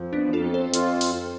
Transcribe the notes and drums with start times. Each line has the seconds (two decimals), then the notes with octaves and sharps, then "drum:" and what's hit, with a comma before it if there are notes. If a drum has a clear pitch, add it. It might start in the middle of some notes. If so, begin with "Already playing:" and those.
Already playing: F2 F3
0.13 B3 D4
0.33 F2 F4 A4
0.54 A4 C5
0.74 F4, drum: hi-hat
1.01 drum: open hi-hat